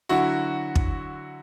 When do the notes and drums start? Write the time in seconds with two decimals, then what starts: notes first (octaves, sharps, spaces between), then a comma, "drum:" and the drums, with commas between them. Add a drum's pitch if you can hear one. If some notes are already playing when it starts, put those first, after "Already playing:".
0.09 D3 F#3 E4 F#4
0.75 drum: kick